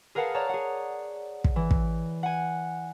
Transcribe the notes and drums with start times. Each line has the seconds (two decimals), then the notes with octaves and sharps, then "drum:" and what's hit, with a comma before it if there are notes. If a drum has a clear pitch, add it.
0.15 G#4 A#4 B4 F5 F#5 A5
0.34 C#5 D5 A5 A#5
0.49 G#4 F#5
1.44 drum: kick
1.56 E3
1.71 drum: kick
2.23 F#5 G#5